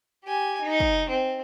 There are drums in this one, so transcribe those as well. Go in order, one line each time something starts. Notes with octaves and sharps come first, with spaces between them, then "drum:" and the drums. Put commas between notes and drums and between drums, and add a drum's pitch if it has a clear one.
G4 G#5
D#4
drum: kick
C4